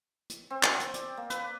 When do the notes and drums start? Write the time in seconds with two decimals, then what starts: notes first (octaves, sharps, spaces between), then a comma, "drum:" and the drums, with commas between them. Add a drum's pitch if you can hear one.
0.30 drum: hi-hat
0.50 C4
0.63 drum: clap
0.80 drum: hi-hat
0.94 D5, drum: hi-hat
1.17 A#3
1.30 B4, drum: hi-hat